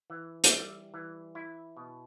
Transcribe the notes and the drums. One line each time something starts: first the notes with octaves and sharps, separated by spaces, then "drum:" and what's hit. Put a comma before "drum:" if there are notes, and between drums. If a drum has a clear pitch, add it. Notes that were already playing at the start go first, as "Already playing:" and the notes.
E3
G5, drum: hi-hat
G3 E5
E3
E4
B2